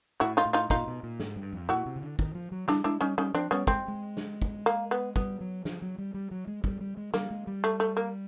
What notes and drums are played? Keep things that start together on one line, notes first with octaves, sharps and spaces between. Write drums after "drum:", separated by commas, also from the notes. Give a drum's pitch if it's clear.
A2 E4 F#4
D#4 F4
A2
D#4 F4
A#2 D#4 F4, drum: kick
B2
A#2
G#2, drum: snare
G2
F2
A#2 E4 F#4
C3
C#3
D3
D#3, drum: kick
F3
F#3
G3 D4 E4, drum: snare
G#3 D4 E4
G3 C#4 D#4
G3 C#4 D#4
F3 C4 D4
G3 B3 C#4
G#3 C4, drum: kick
G#3
drum: snare
drum: kick
A#3
B3
G3 B3, drum: kick
F#3
F3, drum: snare
F#3
G3
G3
F#3
G#3
G3, drum: kick
G3
G#3
G3 A#3, drum: snare
G#3
G3
A3
A3
A#3